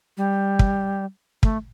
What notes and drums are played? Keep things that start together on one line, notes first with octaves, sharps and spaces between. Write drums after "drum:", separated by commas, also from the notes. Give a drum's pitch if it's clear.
G3
drum: kick
A3, drum: kick